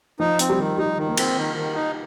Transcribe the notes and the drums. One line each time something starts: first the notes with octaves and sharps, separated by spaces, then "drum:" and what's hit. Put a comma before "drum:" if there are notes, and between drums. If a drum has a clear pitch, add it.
F3 D#4
C4, drum: hi-hat
G3
D#3
G3 D#4
D#3
A#3
C4, drum: cymbal
D#3
D#3
D#4